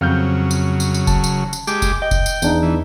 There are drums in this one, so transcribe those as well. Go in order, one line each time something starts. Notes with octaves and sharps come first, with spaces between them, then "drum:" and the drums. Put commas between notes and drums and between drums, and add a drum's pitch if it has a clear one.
F2 C#3 F#3 F6 G6
drum: tambourine
drum: tambourine
drum: tambourine
A5, drum: kick F1, tambourine
drum: tambourine
drum: tambourine
G#3 G4 D6, drum: tambourine
drum: kick F1, tambourine
D#5 G5
drum: kick F1, tambourine
drum: tambourine
E2 D4 D#4, drum: tambourine
E3